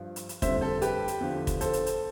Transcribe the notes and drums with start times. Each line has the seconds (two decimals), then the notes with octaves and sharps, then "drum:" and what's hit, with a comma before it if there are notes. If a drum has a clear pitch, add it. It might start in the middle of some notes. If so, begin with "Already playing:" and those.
Already playing: G2 F3
0.16 drum: hi-hat
0.29 drum: hi-hat
0.42 F2 D3 G3 C5 E5, drum: kick, hi-hat
0.61 A4 C5
0.82 G4 B4, drum: hi-hat
1.08 drum: hi-hat
1.20 E2 D3 F3
1.47 drum: kick, hi-hat
1.61 A4 C5, drum: hi-hat
1.73 drum: hi-hat
1.86 drum: hi-hat